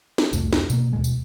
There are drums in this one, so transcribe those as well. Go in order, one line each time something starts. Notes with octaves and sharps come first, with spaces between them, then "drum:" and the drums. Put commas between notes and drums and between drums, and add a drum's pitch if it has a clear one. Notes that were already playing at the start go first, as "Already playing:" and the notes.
drum: snare
C2 F2 A3, drum: tambourine
drum: snare
B2 A#3, drum: tambourine
D#2 B2 G#3
drum: tambourine